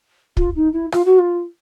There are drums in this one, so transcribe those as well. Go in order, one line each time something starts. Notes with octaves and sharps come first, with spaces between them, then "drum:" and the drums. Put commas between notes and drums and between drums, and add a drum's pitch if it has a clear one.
F4, drum: kick
D#4
E4
F4, drum: rim click
F#4
F4